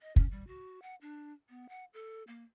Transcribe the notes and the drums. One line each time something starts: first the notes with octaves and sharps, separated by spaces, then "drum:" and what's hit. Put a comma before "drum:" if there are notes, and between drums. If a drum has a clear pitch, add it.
D#5
C#4, drum: kick
G3
F#4
F#5
D4
B3
F#5
A4
A#3